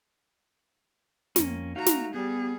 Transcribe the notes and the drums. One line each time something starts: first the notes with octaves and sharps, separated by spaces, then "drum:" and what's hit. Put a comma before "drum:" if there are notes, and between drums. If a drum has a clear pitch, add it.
F2 A#3 C#4, drum: snare
A3 D#4 F#4 F5 A#5
drum: snare
G3 B3 G#4